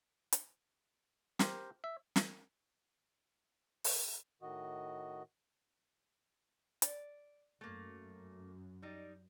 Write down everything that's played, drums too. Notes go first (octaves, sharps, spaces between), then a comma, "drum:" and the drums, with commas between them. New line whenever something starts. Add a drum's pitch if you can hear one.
drum: hi-hat
G4 A#4 C5, drum: snare
E5
drum: snare
drum: open hi-hat
A2 D#3 F#4 D#5
D5, drum: hi-hat
F#2 A3 A#3
G3 D#4 D5